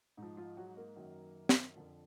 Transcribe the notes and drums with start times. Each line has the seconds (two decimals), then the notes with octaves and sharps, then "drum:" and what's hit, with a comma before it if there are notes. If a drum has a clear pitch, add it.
0.17 G#2 F3 D#4
0.37 F3 F4
0.57 F#3 F#4
0.77 A#3 A#4
0.96 F#2 D#3 F#3
1.49 drum: snare
1.76 F2 D3 F3